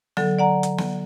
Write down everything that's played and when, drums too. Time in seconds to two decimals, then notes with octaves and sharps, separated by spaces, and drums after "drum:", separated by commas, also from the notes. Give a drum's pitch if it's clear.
0.17 D3 F#3 A4, drum: snare
0.39 D5 F#5 A#5
0.63 drum: hi-hat
0.79 drum: snare